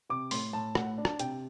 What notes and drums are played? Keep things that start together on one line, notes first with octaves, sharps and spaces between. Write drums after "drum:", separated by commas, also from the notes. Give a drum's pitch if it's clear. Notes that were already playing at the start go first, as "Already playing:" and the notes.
C3 D6
A2 C6, drum: open hi-hat
A2 A5
A2 F#5, drum: rim click
D4
A5, drum: rim click
C3 G5, drum: hi-hat